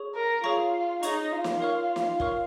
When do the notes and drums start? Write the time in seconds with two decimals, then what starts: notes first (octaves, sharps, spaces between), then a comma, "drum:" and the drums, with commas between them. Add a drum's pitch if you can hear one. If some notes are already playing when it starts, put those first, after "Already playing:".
Already playing: G#4 C#5 C#6
0.14 A#4
0.44 F4 G#4 C#5 A#5 C#6
1.03 D#4 G#4 C#5 A#5 C#6, drum: hi-hat
1.32 F4
1.44 drum: snare
1.61 A#4 C#5 F5 C#6 F6
1.96 drum: snare
2.20 A#4 C#5 F5 C#6 F6, drum: kick